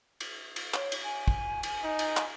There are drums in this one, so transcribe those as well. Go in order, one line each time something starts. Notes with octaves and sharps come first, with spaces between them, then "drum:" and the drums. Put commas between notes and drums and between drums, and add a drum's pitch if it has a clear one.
drum: cymbal
drum: cymbal
C#5, drum: clap
drum: cymbal
G#5
drum: kick
drum: cymbal
D#4
drum: cymbal
drum: clap